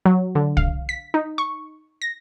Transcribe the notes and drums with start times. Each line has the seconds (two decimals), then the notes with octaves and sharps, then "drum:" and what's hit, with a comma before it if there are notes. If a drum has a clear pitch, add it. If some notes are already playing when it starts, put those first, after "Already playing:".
0.05 F#3
0.35 D3
0.57 F5, drum: kick C2
0.89 B6
1.14 D#4
1.38 C#6
2.02 A#6